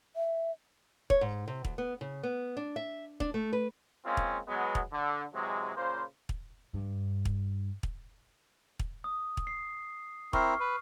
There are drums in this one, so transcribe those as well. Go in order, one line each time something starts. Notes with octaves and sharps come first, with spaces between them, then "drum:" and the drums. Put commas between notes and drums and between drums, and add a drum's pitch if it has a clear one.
E5
C#5, drum: kick
G#2
C3
D2, drum: kick
B3
C#3
B3
D4
E5
D4, drum: kick
A3
B4
G#3 A#3 C4 C#4 F4
drum: kick
F#3 G#3 B3
drum: kick
D3
C3 E3 F#3 G#3
A#2 C#3 A#3 C5
drum: kick
G2
drum: kick
drum: kick
drum: kick
D#6
drum: kick
C7
C4 E4 A#4 C#6 F6 C7, drum: kick
B4